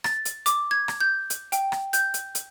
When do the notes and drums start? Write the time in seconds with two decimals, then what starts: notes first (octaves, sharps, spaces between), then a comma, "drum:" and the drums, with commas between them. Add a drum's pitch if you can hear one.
0.04 A6, drum: rim click
0.25 drum: hi-hat
0.46 D6, drum: hi-hat
0.71 G#6
0.88 drum: rim click
1.01 G6
1.30 drum: hi-hat
1.52 G5, drum: hi-hat
1.72 drum: rim click
1.93 G6, drum: hi-hat
2.14 drum: hi-hat
2.35 drum: hi-hat